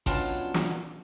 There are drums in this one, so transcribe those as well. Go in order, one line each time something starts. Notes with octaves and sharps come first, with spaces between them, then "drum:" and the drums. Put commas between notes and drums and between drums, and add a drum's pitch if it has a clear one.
B2 F#3 C#4 D4 F4 A5, drum: kick A1
drum: snare